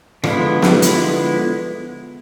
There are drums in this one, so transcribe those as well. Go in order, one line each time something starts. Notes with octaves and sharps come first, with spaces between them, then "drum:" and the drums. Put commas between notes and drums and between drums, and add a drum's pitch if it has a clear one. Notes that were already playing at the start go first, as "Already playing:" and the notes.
D3 F3 G#3 B3 E4, drum: rim click
drum: snare
D3 F3 G#3 B3 E4, drum: hi-hat